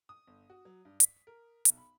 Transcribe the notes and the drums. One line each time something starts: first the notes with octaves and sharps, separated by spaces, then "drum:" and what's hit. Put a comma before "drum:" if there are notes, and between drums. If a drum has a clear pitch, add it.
D#6
G1
F#4
F#3
G2
B6, drum: hi-hat
A#4
B1, drum: hi-hat
B5